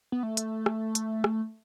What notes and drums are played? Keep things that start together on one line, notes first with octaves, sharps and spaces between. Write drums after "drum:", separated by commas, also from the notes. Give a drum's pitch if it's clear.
B3
A3
drum: hi-hat
drum: rim click
drum: hi-hat
drum: rim click